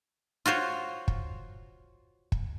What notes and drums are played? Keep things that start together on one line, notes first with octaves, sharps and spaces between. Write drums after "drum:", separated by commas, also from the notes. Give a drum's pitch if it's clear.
F4 F#4 C5 C#5
drum: kick
drum: kick